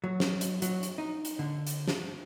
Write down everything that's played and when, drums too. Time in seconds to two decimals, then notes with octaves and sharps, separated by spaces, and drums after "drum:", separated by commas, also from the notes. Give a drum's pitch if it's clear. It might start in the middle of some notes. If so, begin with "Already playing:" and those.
0.04 F#3
0.20 drum: snare
0.41 drum: hi-hat
0.62 F#3, drum: hi-hat
0.83 drum: hi-hat
0.98 D#4
1.25 drum: hi-hat
1.39 D3
1.67 drum: hi-hat
1.88 drum: snare